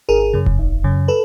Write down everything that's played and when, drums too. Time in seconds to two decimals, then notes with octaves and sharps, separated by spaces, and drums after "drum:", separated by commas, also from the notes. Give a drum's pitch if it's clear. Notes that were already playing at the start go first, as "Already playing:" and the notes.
0.09 G#1 G#4 A#4
0.33 F#2 C#3
0.46 drum: kick E1
0.59 G#1
0.84 F#2 C#3
1.08 A4 B4